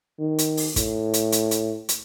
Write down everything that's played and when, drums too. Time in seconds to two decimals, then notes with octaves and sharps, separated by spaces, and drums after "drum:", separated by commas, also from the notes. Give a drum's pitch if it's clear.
0.19 D#3
0.38 drum: hi-hat
0.57 drum: open hi-hat
0.76 A2, drum: kick, hi-hat
1.14 drum: hi-hat
1.32 drum: hi-hat
1.51 drum: hi-hat
1.89 drum: hi-hat